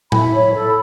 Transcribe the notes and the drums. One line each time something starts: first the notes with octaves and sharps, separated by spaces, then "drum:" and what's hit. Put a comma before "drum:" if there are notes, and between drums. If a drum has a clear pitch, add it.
E4 B5, drum: tom A2
C#5
A4